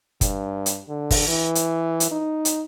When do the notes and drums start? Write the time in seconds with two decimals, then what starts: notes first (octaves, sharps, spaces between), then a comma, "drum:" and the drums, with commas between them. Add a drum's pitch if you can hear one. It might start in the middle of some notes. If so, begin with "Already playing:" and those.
0.21 G2, drum: kick, hi-hat
0.66 drum: hi-hat
0.88 D3
1.11 drum: kick, open hi-hat
1.28 E3
1.55 drum: hi-hat
2.00 drum: hi-hat
2.11 D#4
2.45 drum: hi-hat